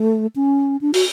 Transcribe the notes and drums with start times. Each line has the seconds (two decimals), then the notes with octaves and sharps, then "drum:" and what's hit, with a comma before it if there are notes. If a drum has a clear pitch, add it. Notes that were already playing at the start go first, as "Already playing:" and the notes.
Already playing: A3
0.36 C#4
0.81 D4
0.94 F#4, drum: open hi-hat